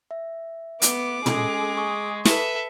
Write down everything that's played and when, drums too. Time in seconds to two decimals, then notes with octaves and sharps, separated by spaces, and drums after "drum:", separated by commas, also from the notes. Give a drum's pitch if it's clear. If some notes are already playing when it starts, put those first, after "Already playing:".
0.11 E5
0.82 B3 D6, drum: hi-hat
1.26 G#3 C#4 G#4 A4, drum: tom
1.77 C#6 D#6
2.25 A4 B4 E5, drum: snare